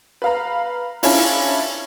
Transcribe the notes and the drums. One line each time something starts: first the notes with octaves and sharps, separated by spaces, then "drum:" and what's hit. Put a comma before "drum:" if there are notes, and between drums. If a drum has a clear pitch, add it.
B4 F5 A#5
C#4 D4 E4 F4 C#5 G#5, drum: open hi-hat